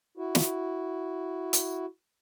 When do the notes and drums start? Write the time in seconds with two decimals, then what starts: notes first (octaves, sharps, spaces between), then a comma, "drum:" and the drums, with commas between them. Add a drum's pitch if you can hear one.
0.17 E4 F#4
0.35 drum: snare
1.53 drum: hi-hat